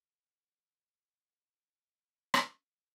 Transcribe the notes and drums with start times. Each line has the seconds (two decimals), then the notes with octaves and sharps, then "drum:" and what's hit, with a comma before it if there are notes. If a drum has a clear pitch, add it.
0.01 A2 D3 F3 A5 G#6 C7
0.79 G2
1.43 B2 D3 G3 G#5 C6 F6
1.73 E3 F4 G4 A4
2.34 drum: rim click
2.57 C2 F3 G#4